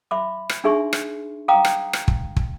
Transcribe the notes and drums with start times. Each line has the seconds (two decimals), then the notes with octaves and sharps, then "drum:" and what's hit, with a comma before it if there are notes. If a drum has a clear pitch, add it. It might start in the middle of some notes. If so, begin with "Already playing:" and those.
0.11 E5 B5 C6 D6
0.49 drum: rim click
0.64 D4 D#4 G#4 E5 C6 C#6
0.93 drum: rim click
1.48 F5 G5 A#5 D6 D#6
1.65 drum: rim click
1.93 drum: rim click
2.08 drum: kick
2.36 drum: kick